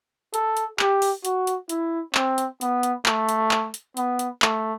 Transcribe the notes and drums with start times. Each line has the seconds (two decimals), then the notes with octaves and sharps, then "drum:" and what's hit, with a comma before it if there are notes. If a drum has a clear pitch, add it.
0.34 A4, drum: hi-hat
0.57 drum: hi-hat
0.79 G4, drum: clap
1.02 drum: open hi-hat
1.25 F#4, drum: hi-hat
1.47 drum: hi-hat
1.69 E4, drum: hi-hat
2.15 C4, drum: clap
2.38 drum: hi-hat
2.61 B3, drum: hi-hat
2.83 drum: hi-hat
3.06 A3, drum: clap
3.29 drum: hi-hat
3.51 drum: clap
3.74 drum: hi-hat
3.97 B3, drum: hi-hat
4.19 drum: hi-hat
4.42 A3, drum: clap